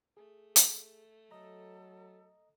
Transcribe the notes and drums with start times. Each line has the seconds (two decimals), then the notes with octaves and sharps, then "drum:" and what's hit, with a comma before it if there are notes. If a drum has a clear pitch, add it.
0.17 A3 G#4
0.56 drum: hi-hat
1.31 F#3 A4 D#5 A#5